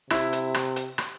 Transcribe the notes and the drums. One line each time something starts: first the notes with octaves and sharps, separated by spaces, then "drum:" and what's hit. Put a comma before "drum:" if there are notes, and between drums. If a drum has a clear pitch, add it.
C3 E4, drum: rim click
drum: hi-hat
drum: rim click
drum: hi-hat
drum: rim click